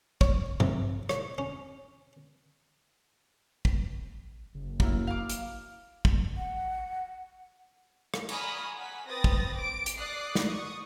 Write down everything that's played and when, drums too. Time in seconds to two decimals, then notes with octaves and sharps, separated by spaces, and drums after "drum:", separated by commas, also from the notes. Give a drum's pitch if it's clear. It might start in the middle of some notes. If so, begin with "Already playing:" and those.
0.21 C#5, drum: kick
0.60 C3, drum: tom G2
1.09 C#5, drum: rim click
1.38 C#4
3.65 drum: kick
4.55 F#1
4.80 F#3 A#3 E4, drum: kick
5.07 F5 D6
5.30 drum: hi-hat
6.05 drum: kick
6.37 F#5
8.14 drum: rim click
8.29 G#5 A#5 B5 D#6 F6, drum: cymbal
8.78 F#5 G#5 B6
9.08 C4 B4 D#6 A6 A#6
9.24 drum: kick
9.56 D6 D7
9.86 drum: hi-hat
9.96 D5 D6 D#6 F#6 C7
10.35 drum: snare
10.47 C#6 D#6